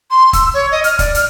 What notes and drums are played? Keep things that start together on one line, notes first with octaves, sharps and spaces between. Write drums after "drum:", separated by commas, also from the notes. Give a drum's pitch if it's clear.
C6
E6, drum: kick, hi-hat
C#5
D#5
F6, drum: hi-hat
D5, drum: kick, hi-hat
F6, drum: hi-hat